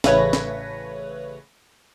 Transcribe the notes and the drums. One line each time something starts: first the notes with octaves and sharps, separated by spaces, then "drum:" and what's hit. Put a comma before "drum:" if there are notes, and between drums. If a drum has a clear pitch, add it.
A1 C#3 A3 B4 C#5 A#6, drum: snare
drum: snare